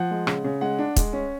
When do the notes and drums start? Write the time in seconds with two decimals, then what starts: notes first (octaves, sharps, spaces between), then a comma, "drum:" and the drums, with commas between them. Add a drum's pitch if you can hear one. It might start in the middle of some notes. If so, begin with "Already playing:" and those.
Already playing: F3 F#5
0.11 G#3
0.27 C#3, drum: rim click
0.44 C#3
0.61 G#3 F#5
0.79 D4
0.96 G#3, drum: kick, hi-hat
1.13 C#4